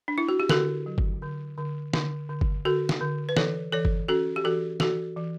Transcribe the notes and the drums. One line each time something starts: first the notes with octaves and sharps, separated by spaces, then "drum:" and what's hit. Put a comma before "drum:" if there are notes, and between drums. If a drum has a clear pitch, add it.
D4
E4
F#4
G4
D3 F#4 A4, drum: snare
F#3
drum: kick G1
D3
D3
D3, drum: snare
D3
drum: kick G1
D3 F#4 A4
drum: snare
D3
B4
E3 A4 C#5, drum: snare
E3 A4 C#5
drum: kick G1
C#4 F#4 A4
G4
E3 F#4 A4
E3 F#4 A4, drum: snare
E3